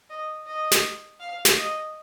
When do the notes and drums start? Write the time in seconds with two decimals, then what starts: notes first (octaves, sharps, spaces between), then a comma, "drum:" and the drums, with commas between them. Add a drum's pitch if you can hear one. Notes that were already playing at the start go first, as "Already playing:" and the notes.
0.10 D#5
0.47 D#5
0.71 drum: snare
1.20 F5
1.45 drum: snare
1.57 D#5